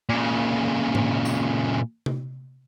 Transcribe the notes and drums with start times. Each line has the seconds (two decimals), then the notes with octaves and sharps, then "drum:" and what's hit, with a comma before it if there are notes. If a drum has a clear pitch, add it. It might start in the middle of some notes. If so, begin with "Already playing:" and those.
0.09 A#2 C#3
0.95 drum: tom G#2
1.25 drum: tambourine
2.06 drum: tom C3